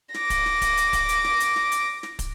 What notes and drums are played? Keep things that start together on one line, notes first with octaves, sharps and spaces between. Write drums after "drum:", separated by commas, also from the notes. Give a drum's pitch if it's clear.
D6 A#6, drum: snare
drum: kick, hi-hat
drum: snare
drum: kick, hi-hat
drum: hi-hat
drum: kick, hi-hat
drum: hi-hat
drum: snare
drum: hi-hat
drum: snare
drum: hi-hat
drum: snare
drum: kick, hi-hat